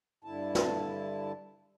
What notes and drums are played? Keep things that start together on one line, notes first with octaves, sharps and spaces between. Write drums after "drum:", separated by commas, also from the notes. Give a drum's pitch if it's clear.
G2 D3 E4 A5
drum: snare